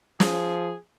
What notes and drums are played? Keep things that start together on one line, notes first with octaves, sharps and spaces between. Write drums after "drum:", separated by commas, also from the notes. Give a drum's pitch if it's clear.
F3 G#4, drum: snare